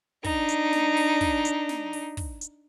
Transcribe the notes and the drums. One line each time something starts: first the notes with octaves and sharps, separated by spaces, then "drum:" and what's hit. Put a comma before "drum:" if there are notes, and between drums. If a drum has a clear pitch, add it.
D4 D#4, drum: kick, open hi-hat
drum: hi-hat
drum: snare
drum: open hi-hat
drum: kick, open hi-hat
drum: hi-hat
drum: snare
drum: open hi-hat
drum: kick, open hi-hat
drum: hi-hat